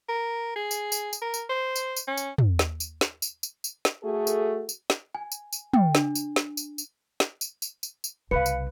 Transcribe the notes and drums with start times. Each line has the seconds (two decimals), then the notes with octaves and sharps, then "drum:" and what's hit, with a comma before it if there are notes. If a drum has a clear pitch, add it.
0.09 A#4
0.56 G#4
0.71 drum: tambourine
0.92 drum: tambourine
1.13 drum: tambourine
1.22 A#4
1.34 drum: tambourine
1.49 C5
1.76 drum: tambourine
1.97 drum: tambourine
2.08 C#4
2.17 drum: tambourine
2.38 drum: tom
2.59 drum: snare
2.80 drum: tambourine
3.01 drum: snare
3.22 drum: tambourine
3.43 drum: tambourine
3.64 drum: tambourine
3.85 drum: snare
4.03 A3 F#4 G#4 A4
4.27 drum: tambourine
4.69 drum: tambourine
4.90 drum: snare
5.15 G#5
5.32 drum: tambourine
5.53 drum: tambourine
5.74 G5, drum: tom
5.95 D4, drum: snare
6.15 drum: tambourine
6.36 drum: snare
6.57 drum: tambourine
6.78 drum: tambourine
7.20 drum: snare
7.41 drum: tambourine
7.62 drum: tambourine
7.83 drum: tambourine
8.04 drum: tambourine
8.31 C2 C#3 B4 F5 C#7
8.46 drum: tambourine